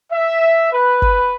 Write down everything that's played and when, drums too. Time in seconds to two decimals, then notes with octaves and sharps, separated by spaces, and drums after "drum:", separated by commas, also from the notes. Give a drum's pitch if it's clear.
0.12 E5
0.71 B4
1.02 drum: kick G1